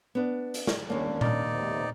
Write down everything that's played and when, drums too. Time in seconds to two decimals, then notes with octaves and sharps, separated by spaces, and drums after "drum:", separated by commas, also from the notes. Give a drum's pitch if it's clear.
0.15 B3 D4
0.54 drum: hi-hat
0.67 drum: snare
0.90 D#2 A#3 C#4 D4
1.21 D#4 D5, drum: tom A#2
1.53 B1 C3